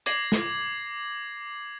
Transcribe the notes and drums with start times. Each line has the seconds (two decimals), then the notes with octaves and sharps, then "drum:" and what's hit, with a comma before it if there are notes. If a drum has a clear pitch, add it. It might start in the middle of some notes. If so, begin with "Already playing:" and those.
0.06 D6 G#6 A#6 C7 F#7, drum: hi-hat
0.32 drum: snare